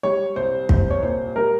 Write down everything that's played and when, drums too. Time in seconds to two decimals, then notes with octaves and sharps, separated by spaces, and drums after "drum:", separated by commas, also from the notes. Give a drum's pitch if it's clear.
0.03 G3 C#5
0.36 C2 C5
0.69 C2 C5, drum: kick
0.91 C#5
1.03 A#2 C5
1.36 G3 A#4